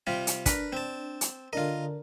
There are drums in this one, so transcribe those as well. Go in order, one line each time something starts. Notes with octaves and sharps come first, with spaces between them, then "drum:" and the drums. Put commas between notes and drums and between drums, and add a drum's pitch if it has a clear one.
C3 G3 F4
drum: hi-hat
D4 A#4 B4, drum: kick, hi-hat
C4 A5
drum: hi-hat
D3 D4 F4 A#4 D#5